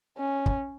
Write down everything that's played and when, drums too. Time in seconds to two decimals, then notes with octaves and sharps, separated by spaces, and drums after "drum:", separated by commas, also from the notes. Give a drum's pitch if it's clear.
0.18 C#4
0.46 drum: kick